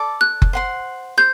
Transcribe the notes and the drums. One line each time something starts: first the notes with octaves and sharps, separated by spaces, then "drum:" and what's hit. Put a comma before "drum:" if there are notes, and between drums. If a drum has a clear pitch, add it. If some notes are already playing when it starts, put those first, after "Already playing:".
Already playing: A4 D5 A5 D6
F#6
drum: kick F#1
C5 F#5 C6
C5 G6